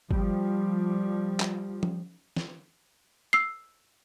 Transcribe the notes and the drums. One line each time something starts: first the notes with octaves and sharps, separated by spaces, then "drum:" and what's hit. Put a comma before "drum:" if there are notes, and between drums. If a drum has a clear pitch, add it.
F3 G3, drum: kick G1
drum: clap
drum: tom F3
drum: snare
E6 C7